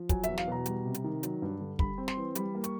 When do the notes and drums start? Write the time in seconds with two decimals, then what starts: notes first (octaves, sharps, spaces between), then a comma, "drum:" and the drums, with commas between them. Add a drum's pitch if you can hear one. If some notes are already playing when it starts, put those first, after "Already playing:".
Already playing: F3
0.09 F#3 G#5, drum: kick, hi-hat
0.23 E5, drum: hi-hat
0.28 E2
0.38 F5, drum: snare
0.48 B2 A#5
0.66 G3, drum: hi-hat
0.85 C3
0.94 drum: hi-hat
1.04 D#3
1.23 F#3, drum: hi-hat
1.42 G2
1.61 D3
1.79 G3 B5, drum: kick
1.98 C4
2.08 C6, drum: snare
2.17 E3
2.35 G3 B5, drum: hi-hat
2.55 A#3
2.64 C#6, drum: hi-hat